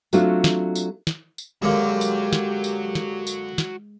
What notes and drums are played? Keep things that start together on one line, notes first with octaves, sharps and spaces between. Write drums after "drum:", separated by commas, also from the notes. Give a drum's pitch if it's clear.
F#3 A3 C4 D4 F4 F#4, drum: tambourine
drum: snare
drum: tambourine
drum: snare
drum: tambourine
F#2 D3 G#3 A#3 F#4 G4 C#5
drum: tambourine
drum: snare
drum: tambourine
drum: snare
drum: tambourine
drum: snare